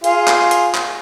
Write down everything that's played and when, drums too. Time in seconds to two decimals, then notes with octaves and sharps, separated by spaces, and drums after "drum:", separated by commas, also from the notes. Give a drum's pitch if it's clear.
0.04 F4 G#4, drum: hi-hat
0.28 drum: clap
0.51 drum: hi-hat
0.75 drum: clap